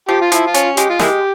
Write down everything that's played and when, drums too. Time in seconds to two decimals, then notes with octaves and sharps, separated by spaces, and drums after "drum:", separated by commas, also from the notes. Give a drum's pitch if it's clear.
0.09 F3 G4
0.21 F4
0.32 F3 E4, drum: hi-hat
0.47 F4
0.54 C#4, drum: hi-hat
0.77 G#3 G4, drum: hi-hat
0.89 F4
0.99 G#3 A#3 E4 G4, drum: snare